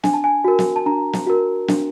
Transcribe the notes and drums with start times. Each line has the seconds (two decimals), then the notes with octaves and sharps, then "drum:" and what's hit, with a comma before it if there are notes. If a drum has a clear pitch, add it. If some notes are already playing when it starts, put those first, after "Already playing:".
0.04 D4 G#5, drum: snare
0.13 A5
0.24 G#5
0.44 F#4 A#4
0.59 drum: snare
0.76 A5
0.86 D4 A#5
1.13 drum: snare
1.26 F#4 A#4
1.68 D4, drum: snare